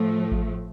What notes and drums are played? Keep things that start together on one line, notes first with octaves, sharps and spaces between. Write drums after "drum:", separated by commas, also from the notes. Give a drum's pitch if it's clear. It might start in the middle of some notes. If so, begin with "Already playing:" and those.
Already playing: A2 F3 A3
drum: kick G#1